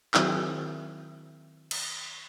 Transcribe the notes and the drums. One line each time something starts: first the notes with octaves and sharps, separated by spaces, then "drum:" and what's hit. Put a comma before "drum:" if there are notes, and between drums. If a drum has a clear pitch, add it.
D#3 F#3 C4 E4 F#4 G#4, drum: clap
drum: cymbal